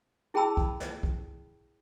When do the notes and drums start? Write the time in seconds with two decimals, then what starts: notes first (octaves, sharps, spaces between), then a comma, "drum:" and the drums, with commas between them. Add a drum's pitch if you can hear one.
0.34 E4 G#4 G5 A5 B5 E6
0.57 drum: kick
0.80 drum: snare
1.03 drum: kick